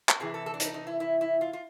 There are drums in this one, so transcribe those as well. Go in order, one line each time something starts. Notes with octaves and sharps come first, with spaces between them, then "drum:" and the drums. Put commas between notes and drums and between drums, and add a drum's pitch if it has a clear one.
drum: clap
C3 E3 G#4
A4
A4
D4
D#4, drum: hi-hat
D#4
E4
E4
E4
F4
F4